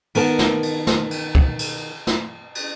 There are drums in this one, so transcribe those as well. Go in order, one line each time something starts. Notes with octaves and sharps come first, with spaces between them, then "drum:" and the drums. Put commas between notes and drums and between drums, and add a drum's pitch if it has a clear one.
D#3 B3 A#4 A5, drum: cymbal
drum: snare
drum: cymbal
drum: snare
drum: cymbal
drum: kick
drum: cymbal
drum: snare
drum: cymbal